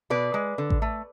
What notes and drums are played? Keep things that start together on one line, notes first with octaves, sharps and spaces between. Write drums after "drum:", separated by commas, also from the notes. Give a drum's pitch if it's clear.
B2 B4 D5
G#3
D3
drum: kick A1
A3